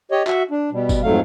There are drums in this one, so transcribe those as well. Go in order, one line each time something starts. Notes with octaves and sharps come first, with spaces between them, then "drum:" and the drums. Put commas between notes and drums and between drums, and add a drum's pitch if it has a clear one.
G4 C#5 D#5
F#4 E5, drum: clap
D4
B2 G3
drum: kick G1, tambourine
F2 G#2 F#3 A3 F5